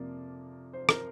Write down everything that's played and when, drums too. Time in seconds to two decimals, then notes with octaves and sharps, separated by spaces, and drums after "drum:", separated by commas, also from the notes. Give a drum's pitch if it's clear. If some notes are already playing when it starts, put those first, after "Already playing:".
Already playing: F2 C3 F3 A#3 D5
0.73 C5
0.89 A#4, drum: rim click